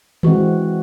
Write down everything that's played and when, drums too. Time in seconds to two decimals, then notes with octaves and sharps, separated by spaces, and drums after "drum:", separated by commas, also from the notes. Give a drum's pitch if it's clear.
0.23 E3 G#3 C4 F#4, drum: tom D#3